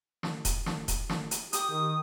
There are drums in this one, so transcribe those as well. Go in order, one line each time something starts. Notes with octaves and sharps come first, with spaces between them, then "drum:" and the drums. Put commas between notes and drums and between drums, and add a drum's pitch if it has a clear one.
drum: snare
drum: kick D#1, hi-hat
drum: snare
drum: kick D#1, hi-hat
drum: snare
drum: hi-hat
G4 D#6, drum: hi-hat
D#3